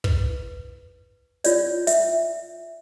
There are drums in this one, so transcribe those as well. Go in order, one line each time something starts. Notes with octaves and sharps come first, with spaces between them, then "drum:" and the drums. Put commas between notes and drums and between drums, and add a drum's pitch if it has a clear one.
B4, drum: kick
F4 C#5 D5, drum: hi-hat
E5, drum: hi-hat